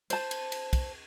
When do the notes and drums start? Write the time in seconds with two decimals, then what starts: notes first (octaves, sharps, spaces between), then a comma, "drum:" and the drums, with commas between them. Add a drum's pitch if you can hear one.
0.10 C5 A5, drum: cymbal
0.31 drum: cymbal
0.52 drum: cymbal
0.73 drum: kick, cymbal